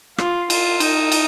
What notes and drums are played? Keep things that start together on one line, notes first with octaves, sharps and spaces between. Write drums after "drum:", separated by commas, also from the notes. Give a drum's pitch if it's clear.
F4, drum: rim click
F4, drum: cymbal
D#4, drum: cymbal
drum: cymbal